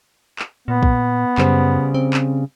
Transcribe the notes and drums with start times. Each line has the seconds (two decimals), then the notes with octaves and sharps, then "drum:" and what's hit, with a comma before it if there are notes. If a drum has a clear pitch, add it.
0.39 drum: clap
0.68 A#2 B3
0.83 drum: kick
1.38 F#2 C#3 G3 C5, drum: clap
1.94 C4
2.14 drum: clap